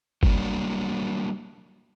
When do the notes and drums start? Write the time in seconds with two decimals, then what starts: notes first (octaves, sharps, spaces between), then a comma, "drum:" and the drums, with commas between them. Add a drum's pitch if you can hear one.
0.23 F#3 G3 A#3 D4, drum: kick G1